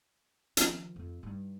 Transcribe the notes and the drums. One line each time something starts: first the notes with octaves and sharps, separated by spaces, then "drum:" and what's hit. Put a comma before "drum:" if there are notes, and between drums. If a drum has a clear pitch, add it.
D#3 F3, drum: hi-hat
F2
G2 D#4